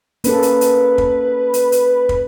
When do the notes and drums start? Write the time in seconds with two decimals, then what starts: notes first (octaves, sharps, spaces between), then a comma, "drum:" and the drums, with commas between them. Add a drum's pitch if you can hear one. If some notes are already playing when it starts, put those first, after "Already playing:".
0.24 A#3 C#4 A4 B4, drum: hi-hat
0.43 drum: hi-hat
0.61 drum: hi-hat
0.98 drum: kick
1.54 drum: hi-hat
1.72 drum: hi-hat
2.09 drum: kick